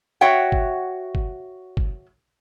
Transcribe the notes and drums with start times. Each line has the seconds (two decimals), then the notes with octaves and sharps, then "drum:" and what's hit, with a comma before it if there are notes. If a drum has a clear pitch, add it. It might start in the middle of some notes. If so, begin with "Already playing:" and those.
0.21 F#4 C#5 E5 F#5 G5
0.52 drum: kick
1.15 drum: kick
1.77 drum: kick